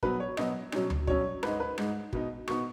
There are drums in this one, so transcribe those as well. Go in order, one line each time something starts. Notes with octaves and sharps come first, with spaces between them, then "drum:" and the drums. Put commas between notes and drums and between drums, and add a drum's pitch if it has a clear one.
B2 F#3 B3 B4, drum: kick
C#5
B2 F#3 B3 D#5, drum: rim click
B2 F#3 C#4, drum: rim click
drum: tom D2
B2 F#3 C#4 C#5, drum: kick
G#2 G#3 D#4 B4, drum: rim click
B4
G#2 G#3 D#4, drum: rim click
B2 B3 D#4, drum: kick
B2 B3 D#4 C#6, drum: rim click